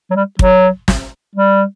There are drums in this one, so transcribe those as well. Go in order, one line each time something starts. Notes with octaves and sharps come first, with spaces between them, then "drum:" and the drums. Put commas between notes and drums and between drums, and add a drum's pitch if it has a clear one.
F#3
G3
F#3, drum: kick
drum: snare
G3